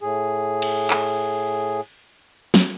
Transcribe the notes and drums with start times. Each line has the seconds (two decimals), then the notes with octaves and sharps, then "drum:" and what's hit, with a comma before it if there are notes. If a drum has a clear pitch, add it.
0.01 A2 G#4
0.62 drum: cymbal
0.90 drum: clap
2.54 drum: snare